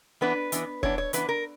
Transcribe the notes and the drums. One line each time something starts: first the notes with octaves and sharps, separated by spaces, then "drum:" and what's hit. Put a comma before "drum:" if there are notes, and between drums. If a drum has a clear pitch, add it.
E3 B3 D4 B4
E3 B3 D4, drum: hi-hat
E3 B3 D4 C#5, drum: kick
C#5
E3 B3 D4 B4, drum: hi-hat
A#4